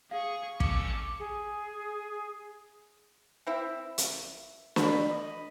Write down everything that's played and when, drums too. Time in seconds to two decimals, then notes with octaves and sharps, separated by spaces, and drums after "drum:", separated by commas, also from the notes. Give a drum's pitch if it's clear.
0.11 G#4 F5 C#6
0.60 C#4 A4 D6 C#7, drum: kick
1.19 G#4
3.47 C4 E4 E5
3.98 drum: hi-hat
4.76 B5, drum: snare
5.10 D#5